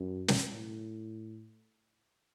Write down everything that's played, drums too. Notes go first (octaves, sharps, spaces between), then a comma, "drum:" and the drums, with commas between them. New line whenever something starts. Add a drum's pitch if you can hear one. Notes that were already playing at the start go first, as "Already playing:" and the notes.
Already playing: F#2
drum: snare
A2